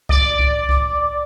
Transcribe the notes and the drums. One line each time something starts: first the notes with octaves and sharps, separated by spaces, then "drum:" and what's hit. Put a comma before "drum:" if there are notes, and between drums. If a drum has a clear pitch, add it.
D5, drum: kick C2
drum: kick C2
drum: kick C2